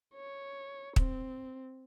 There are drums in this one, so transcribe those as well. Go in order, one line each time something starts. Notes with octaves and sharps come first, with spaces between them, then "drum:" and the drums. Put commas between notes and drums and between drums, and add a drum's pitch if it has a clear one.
C#5
C4, drum: kick